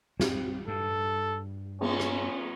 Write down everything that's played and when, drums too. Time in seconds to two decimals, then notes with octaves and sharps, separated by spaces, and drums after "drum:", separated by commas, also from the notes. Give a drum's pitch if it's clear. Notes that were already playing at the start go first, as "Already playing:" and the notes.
0.20 C4, drum: snare
0.68 G2 A4
1.81 C#4, drum: cymbal
2.00 drum: rim click